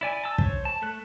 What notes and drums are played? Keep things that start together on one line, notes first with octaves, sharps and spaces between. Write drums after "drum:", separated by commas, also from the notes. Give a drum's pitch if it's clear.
E4 D5 G#5
A5 E6
C5 C#5, drum: kick
A5
A3 A4 F#6